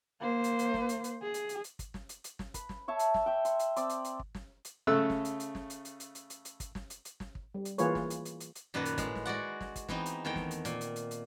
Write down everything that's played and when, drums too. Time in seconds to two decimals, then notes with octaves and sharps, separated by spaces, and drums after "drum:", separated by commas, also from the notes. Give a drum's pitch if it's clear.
0.21 A#3 C5
0.44 drum: hi-hat
0.59 drum: hi-hat
0.74 drum: snare
0.89 drum: hi-hat
1.04 drum: hi-hat
1.23 G#4
1.34 drum: hi-hat
1.49 drum: hi-hat
1.64 drum: hi-hat
1.79 drum: kick, hi-hat
1.94 drum: snare
2.09 drum: hi-hat
2.24 drum: hi-hat
2.39 drum: snare
2.54 B4, drum: kick, hi-hat
2.69 drum: snare
2.88 C#5 E5 A5
2.99 drum: hi-hat
3.14 drum: snare
3.26 E5 G5
3.45 C6, drum: hi-hat
3.59 drum: hi-hat
3.76 C4 D5 D#6 E6, drum: hi-hat
3.89 drum: hi-hat
4.04 drum: hi-hat
4.19 drum: kick
4.35 drum: snare
4.65 drum: hi-hat
4.87 C#3 A3 A4 E6 F#6
5.10 drum: snare
5.25 drum: hi-hat
5.40 drum: hi-hat
5.55 drum: snare
5.70 drum: hi-hat
5.85 drum: hi-hat
6.00 drum: hi-hat
6.15 drum: hi-hat
6.30 drum: hi-hat
6.45 drum: hi-hat
6.60 drum: kick, hi-hat
6.75 drum: snare
6.90 drum: hi-hat
7.05 drum: hi-hat
7.20 drum: snare
7.35 drum: kick
7.55 G3
7.65 drum: hi-hat
7.78 E3 A#3 F4 G#4 B4 C#5, drum: hi-hat
7.95 drum: snare
8.10 drum: hi-hat
8.25 drum: hi-hat
8.40 drum: hi-hat
8.55 drum: hi-hat
8.74 F#2 A#2 D#3 B4 F#5 A5
8.85 drum: hi-hat
8.98 A2 G#3, drum: kick, hi-hat
9.15 drum: snare
9.25 G#3 F#4 D5 F#5
9.61 drum: snare
9.76 drum: kick, hi-hat
9.89 E3 B3 C4 D#4, drum: snare
10.06 drum: hi-hat
10.25 E2 D#3 A3 G5
10.36 drum: snare
10.51 drum: hi-hat
10.65 A#2, drum: hi-hat
10.81 drum: hi-hat
10.96 drum: hi-hat
11.11 drum: hi-hat